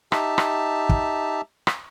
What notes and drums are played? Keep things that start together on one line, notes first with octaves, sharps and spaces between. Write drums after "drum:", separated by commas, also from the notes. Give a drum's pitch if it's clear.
D#4 G4 E5 A5, drum: rim click
drum: rim click
drum: kick
drum: rim click